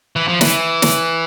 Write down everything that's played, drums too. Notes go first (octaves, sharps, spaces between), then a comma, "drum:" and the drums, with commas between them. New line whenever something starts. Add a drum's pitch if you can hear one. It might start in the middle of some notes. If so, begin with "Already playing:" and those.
E3
F3
E3, drum: snare
drum: snare